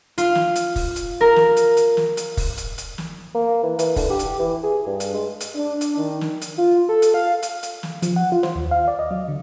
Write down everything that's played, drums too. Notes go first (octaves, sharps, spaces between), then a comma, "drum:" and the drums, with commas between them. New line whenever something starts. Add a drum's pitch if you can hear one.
F4, drum: hi-hat
drum: snare
drum: hi-hat
drum: kick, open hi-hat
drum: hi-hat
A#4
drum: snare
drum: hi-hat
drum: hi-hat
drum: snare
drum: hi-hat
drum: kick, open hi-hat
drum: hi-hat
drum: hi-hat
drum: snare
A#3
E3
E3, drum: hi-hat
D3, drum: kick, open hi-hat
G4
drum: hi-hat
E3
G#4
G2
drum: hi-hat
G#3
drum: hi-hat
D4
drum: hi-hat
D#3
drum: snare
drum: hi-hat
F4
A4
drum: hi-hat
F5
drum: hi-hat
drum: hi-hat
drum: snare
F3, drum: hi-hat
F#5
F4
C5, drum: snare
D#2
F5
D5
D#5
F#3
D3